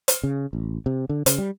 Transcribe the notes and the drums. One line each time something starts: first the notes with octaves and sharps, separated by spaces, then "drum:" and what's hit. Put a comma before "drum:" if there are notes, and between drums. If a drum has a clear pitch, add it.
drum: hi-hat
C#3
A1
C3
D3
C#3, drum: hi-hat
G3